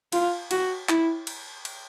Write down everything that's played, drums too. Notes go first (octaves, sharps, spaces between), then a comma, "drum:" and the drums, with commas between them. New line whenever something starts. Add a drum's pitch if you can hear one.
F4, drum: cymbal
F#4, drum: cymbal
E4, drum: clap
drum: cymbal
drum: cymbal